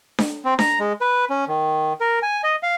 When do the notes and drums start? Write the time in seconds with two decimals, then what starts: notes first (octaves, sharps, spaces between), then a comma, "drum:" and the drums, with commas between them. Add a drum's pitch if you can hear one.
0.19 drum: snare D4
0.45 C4
0.59 A#5, drum: snare D4
0.79 G#3
1.01 B4
1.30 C#4
1.48 D#3
2.01 A#4
2.23 G#5
2.44 D#5
2.63 F5